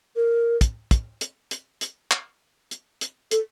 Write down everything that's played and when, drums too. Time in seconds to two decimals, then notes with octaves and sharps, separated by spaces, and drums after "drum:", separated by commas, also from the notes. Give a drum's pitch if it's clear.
0.16 A#4
0.61 drum: kick, hi-hat
0.91 drum: kick, hi-hat
1.21 drum: hi-hat
1.51 drum: hi-hat
1.81 drum: hi-hat
2.11 drum: clap
2.71 drum: hi-hat
3.01 drum: hi-hat
3.31 A4, drum: hi-hat